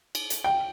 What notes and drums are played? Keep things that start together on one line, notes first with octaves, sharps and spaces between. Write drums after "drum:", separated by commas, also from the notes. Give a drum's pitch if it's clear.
drum: cymbal
drum: hi-hat
G5